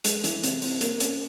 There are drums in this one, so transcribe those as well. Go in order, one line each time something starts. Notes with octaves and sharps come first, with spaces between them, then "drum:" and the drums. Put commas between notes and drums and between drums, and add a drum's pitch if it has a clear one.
G#3, drum: hi-hat
E3, drum: hi-hat
C3, drum: hi-hat
C4, drum: open hi-hat
A#3, drum: hi-hat
C#4, drum: hi-hat